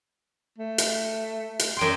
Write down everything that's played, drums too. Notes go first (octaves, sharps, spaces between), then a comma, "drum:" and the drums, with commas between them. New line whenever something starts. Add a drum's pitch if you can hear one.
A3
drum: hi-hat
drum: hi-hat
F#2 G5 C6